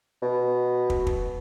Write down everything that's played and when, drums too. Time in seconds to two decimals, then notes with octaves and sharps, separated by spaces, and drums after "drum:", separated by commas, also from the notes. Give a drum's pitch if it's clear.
0.22 B2
0.90 drum: kick
1.07 drum: kick